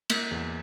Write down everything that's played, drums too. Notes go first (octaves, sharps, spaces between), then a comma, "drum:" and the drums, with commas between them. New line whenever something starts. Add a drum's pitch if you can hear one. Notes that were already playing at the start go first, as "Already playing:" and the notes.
A#3, drum: cymbal
E2